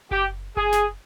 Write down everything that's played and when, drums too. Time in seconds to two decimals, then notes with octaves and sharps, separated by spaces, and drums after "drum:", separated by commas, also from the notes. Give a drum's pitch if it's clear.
0.11 G4, drum: kick F#1
0.57 G#4, drum: kick F#1
0.72 drum: snare